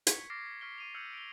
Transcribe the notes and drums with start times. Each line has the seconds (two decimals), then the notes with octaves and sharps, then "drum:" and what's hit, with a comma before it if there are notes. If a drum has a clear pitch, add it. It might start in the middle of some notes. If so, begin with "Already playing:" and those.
0.07 C#6 G#6 B6 C#7, drum: hi-hat
0.30 D6 F6 A6 A#6 C7 D7
0.61 C#6 F6 G#6 B6 D7 G7
0.78 D6 D#7 F7
0.94 E6 F6 G6 G#6 C#7 F#7
1.13 D7 F7 G7